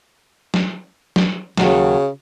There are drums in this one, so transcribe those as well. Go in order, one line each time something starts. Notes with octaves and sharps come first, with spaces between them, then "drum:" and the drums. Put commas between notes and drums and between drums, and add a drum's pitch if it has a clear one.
drum: snare
drum: snare
D#2 C#3 F#3, drum: snare